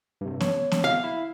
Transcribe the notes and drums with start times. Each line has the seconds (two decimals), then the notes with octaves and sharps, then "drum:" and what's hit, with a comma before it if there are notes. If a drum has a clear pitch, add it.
0.21 G2 C3
0.40 C#5, drum: snare B3
0.72 drum: snare B3
0.84 F5
1.04 E4